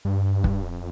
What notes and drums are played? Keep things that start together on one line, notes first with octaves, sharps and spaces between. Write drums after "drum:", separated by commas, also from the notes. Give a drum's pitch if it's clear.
G2
drum: kick
F2